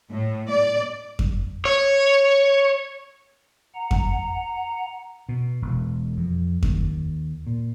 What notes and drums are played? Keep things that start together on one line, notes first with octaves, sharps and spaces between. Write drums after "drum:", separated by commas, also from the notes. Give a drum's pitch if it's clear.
A2
D5
drum: kick F2
C#5
F#5 A#5
drum: kick F2
B2
E1
F2
D#2, drum: kick F2
A#2